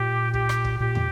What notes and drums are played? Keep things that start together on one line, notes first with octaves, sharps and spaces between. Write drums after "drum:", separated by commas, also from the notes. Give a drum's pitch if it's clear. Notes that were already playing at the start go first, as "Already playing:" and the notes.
Already playing: A#2 G4
G4, drum: kick
drum: rim click
drum: kick
A#2 G4
drum: tom